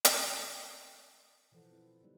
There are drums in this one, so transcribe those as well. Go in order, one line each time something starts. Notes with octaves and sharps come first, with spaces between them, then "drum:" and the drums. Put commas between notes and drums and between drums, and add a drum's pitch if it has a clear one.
drum: hi-hat
B2 E3 F3 A4 C5 F#5
C4 E4
D3 F#3 G3 B3 D#4